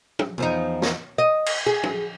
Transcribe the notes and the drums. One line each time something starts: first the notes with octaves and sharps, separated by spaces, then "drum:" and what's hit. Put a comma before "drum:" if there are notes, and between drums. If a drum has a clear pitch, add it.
drum: tom
E2 F3 D#4
drum: snare
D#5
drum: cymbal
G#4
drum: tom